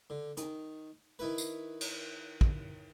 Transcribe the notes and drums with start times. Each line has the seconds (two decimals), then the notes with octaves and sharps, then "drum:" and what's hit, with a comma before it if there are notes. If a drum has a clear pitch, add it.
0.10 D3
0.37 D#3, drum: hi-hat
1.19 D#3 E4 B4
1.38 drum: tambourine
1.81 drum: cymbal
2.41 drum: kick